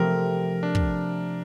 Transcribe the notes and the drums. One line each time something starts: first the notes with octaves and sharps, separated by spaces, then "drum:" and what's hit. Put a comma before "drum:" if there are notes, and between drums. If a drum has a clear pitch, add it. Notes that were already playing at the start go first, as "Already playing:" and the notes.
Already playing: C3 F3 A3 C4 G4 A#4
D4
drum: kick